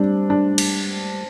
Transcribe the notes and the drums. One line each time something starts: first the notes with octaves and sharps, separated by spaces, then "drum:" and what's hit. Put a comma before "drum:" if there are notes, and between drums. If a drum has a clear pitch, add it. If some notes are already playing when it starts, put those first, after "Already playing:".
Already playing: G3 C4 D4
D4
drum: cymbal